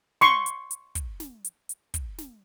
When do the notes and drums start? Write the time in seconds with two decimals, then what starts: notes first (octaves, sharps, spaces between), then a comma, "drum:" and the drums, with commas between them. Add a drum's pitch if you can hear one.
0.21 C6 C#6, drum: snare
0.46 drum: hi-hat
0.71 drum: hi-hat
0.95 drum: kick, hi-hat
1.20 drum: snare
1.44 drum: hi-hat
1.69 drum: hi-hat
1.94 drum: kick, hi-hat
2.18 drum: snare